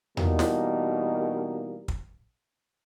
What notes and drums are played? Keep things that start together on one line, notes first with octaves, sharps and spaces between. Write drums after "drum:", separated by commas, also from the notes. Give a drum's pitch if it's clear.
B2 E3 G3 A#3 D#4 A#4, drum: tom E2
drum: snare
drum: kick